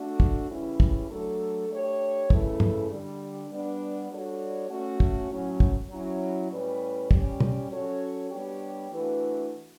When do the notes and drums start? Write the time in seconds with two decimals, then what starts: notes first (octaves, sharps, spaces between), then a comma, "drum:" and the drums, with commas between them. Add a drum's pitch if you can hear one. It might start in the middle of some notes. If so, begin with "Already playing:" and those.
Already playing: A3 D4 F#4
0.20 drum: kick
0.49 C#3 E3 G3 C#4 E4
0.80 drum: kick
1.10 F#3 A3 D4 A4
1.70 A3 D4 G4 C#5
2.30 C#3 E3 A3 E4 A4, drum: kick
2.60 drum: tom G2
2.91 D3 G3 D4
3.50 G3 B3 D4
4.10 G3 D4 F#4 A4 C#5
4.70 A3 C#4 F#4
5.00 drum: kick
5.31 A2 F#3 C#4
5.60 drum: kick
5.90 F#3 C#4 E4
6.51 A2 G3 C#4 G4 B4
7.11 G3 C#4 G4, drum: kick
7.40 drum: tom B2
7.70 F#3 C#4 F#4 A4 C#5
8.30 G3 B3 D4 G4 C#5
8.90 E3 A3 D4 F#4 B4